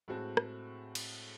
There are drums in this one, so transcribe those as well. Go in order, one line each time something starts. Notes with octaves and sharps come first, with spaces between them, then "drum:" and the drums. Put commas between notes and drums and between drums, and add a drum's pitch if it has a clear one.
A2 G#3 C4 F#4 A4
drum: rim click
drum: cymbal